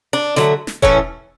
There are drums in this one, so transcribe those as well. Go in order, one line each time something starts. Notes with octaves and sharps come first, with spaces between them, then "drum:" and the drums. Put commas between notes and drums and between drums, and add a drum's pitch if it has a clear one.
D4
D3 F#3 A3, drum: snare
drum: snare
A2 E3 A3 C#4, drum: kick E1